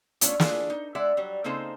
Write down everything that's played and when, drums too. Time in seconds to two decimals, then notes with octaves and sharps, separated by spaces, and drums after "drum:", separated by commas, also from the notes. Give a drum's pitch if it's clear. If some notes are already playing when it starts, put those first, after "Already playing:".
0.21 A3 A#3 C#4 D4 F4, drum: hi-hat
0.40 E3 A3 D4 F4 G#4, drum: snare
0.70 D#4
0.95 G#3 D5 E5 F#5
1.17 F#3 G3
1.44 C#3 A#3 C4 D#4 A4 C5